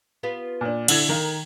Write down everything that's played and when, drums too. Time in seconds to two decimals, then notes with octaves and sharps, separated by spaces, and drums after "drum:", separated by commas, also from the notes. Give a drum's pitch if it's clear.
0.23 B3 F4 G4
0.61 A#2 D4
0.88 D3 E4 A4 G#6, drum: cymbal
1.09 D#3 A#4 F5